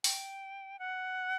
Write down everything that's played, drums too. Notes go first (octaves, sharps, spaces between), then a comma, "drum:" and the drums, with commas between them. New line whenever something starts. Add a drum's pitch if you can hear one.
G5, drum: open hi-hat
F#5